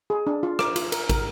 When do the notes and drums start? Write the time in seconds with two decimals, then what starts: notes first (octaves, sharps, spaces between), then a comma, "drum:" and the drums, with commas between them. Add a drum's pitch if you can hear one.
0.10 G#4
0.27 D4
0.43 F4
0.59 A#4 D6, drum: rim click
0.76 F4, drum: cymbal
0.92 A#4, drum: cymbal
1.09 A#4, drum: kick, cymbal